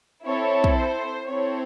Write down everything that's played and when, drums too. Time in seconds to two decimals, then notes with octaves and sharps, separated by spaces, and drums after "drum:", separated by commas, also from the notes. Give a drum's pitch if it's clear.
0.25 C4 E4 A4 C#5
0.64 drum: kick
0.78 C5
1.29 C4 E4 A4 C#5